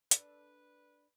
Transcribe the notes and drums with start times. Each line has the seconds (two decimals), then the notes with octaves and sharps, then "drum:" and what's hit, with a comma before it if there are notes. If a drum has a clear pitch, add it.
0.11 D4 A4 B4, drum: hi-hat